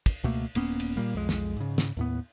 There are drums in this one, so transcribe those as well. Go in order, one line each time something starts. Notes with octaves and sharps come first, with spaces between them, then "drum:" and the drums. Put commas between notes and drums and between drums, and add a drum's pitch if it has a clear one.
drum: kick, cymbal
C#2 B2 A3 A#3
D#1 A#3 B3 C#4, drum: cymbal
drum: cymbal
A#2 G3 A#3
B1 F2 G#3
drum: snare
G#2 C#3
drum: snare
D#2 A2 B3